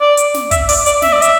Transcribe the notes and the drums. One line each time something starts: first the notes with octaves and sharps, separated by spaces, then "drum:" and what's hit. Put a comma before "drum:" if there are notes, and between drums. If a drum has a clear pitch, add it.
D5
drum: hi-hat
drum: snare
E5, drum: kick, hi-hat
D5, drum: open hi-hat
D5, drum: hi-hat
E5, drum: snare
D5
E5, drum: hi-hat